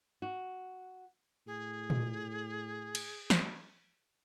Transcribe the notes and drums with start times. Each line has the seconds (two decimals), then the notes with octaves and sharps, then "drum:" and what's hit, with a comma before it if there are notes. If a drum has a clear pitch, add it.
0.22 F#4
1.47 A2 G#4
1.90 drum: tom A#2
2.95 drum: cymbal
3.30 drum: snare